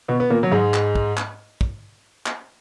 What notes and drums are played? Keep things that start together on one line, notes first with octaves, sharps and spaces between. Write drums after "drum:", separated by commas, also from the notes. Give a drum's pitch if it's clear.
B2 B3
B3
A#2 A#3
F#3
G#2 G#3
drum: clap
drum: kick
drum: clap
drum: kick
drum: clap